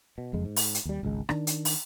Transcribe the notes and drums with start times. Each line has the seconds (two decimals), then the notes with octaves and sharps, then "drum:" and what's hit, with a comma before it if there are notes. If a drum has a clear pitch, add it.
0.18 B2
0.33 F#1 F2 G#3
0.45 G#2
0.56 drum: open hi-hat
0.74 drum: hi-hat
0.85 D#2 G3
1.03 G#1 C#2 G#3
1.29 D#3 D4, drum: rim click
1.47 drum: hi-hat
1.65 drum: open hi-hat